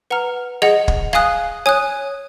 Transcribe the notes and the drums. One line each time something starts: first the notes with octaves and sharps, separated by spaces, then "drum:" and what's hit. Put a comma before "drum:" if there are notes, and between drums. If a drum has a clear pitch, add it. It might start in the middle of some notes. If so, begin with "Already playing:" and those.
B4 F#5 A#5 F6
G#4 D#5 F#5, drum: rim click
drum: kick
F5 G#5 D#6 F#6, drum: rim click
C#5 G#5 D#6 F#6